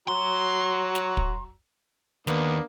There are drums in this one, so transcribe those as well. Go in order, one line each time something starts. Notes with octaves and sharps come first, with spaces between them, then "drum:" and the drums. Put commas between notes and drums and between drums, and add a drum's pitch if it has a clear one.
F#3 F#4 A#5 C6
drum: snare
drum: kick
D#2 A#3 B3 D4, drum: snare